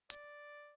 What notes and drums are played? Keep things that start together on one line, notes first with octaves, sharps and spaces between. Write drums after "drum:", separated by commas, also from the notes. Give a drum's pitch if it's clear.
D5, drum: hi-hat